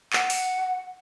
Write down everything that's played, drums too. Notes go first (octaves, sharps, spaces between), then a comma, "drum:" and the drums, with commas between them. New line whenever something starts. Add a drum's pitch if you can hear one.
F#5, drum: clap
drum: open hi-hat